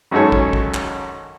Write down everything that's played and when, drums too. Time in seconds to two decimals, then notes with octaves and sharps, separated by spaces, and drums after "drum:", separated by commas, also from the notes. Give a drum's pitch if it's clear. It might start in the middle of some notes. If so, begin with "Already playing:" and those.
0.11 G#1 F#2 D#4 G#4 A4 C#5
0.32 drum: kick
0.53 drum: kick
0.74 drum: clap